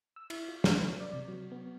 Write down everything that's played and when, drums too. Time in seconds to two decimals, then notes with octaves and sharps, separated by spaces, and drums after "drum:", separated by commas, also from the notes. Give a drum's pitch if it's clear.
0.16 E6
0.30 E4, drum: cymbal
0.48 F4
0.64 C#6, drum: snare
0.80 B4
1.00 D5
1.13 C3
1.28 F#3
1.52 B3